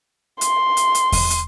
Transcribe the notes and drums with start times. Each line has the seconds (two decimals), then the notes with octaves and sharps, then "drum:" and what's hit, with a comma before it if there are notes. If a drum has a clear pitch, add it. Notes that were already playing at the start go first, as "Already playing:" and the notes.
0.41 C6, drum: hi-hat
0.77 drum: hi-hat
0.95 drum: hi-hat
1.12 drum: kick E2, open hi-hat
1.30 drum: hi-hat